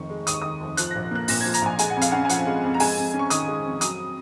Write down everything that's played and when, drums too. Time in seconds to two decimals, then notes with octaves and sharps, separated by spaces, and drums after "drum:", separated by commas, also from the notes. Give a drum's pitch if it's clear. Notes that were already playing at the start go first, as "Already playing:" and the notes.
Already playing: F1 D#3 C#6
0.10 G#3
0.27 D#2 D#6, drum: hi-hat
0.34 C#6
0.42 D#3 D#6
0.61 F1
0.77 F3 F#6, drum: hi-hat
0.91 A#6
0.95 A#1
1.11 A#3 F#6
1.28 A#2 A#6, drum: open hi-hat
1.41 G#6
1.45 F3
1.54 A#5, drum: hi-hat
1.62 A#1 G#5
1.79 G#3 G#5, drum: hi-hat
1.90 F#5
1.96 F2
2.01 F5, drum: hi-hat
2.12 C#4 F#5
2.25 G#5
2.29 F3 F#5, drum: hi-hat
2.47 G#3
2.64 F2
2.74 A#5
2.80 G#3 G#5, drum: open hi-hat
2.97 F2
3.14 C#4
3.19 C#6
3.30 D#3 D#6, drum: hi-hat
3.47 G#3
3.65 F2
3.81 F#3 D#6, drum: hi-hat